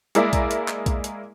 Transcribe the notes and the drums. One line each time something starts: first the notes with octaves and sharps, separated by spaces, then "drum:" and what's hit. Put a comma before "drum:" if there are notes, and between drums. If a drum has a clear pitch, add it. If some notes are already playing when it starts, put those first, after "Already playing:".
G#3 A#3 E4 A#4 D5 E5, drum: hi-hat
drum: kick A#1, hi-hat
drum: hi-hat
drum: clap
drum: kick A#1, hi-hat
drum: hi-hat